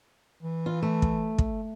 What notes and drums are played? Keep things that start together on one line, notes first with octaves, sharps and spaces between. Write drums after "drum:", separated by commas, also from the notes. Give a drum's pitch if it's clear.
E3
F4
A3
drum: kick
drum: kick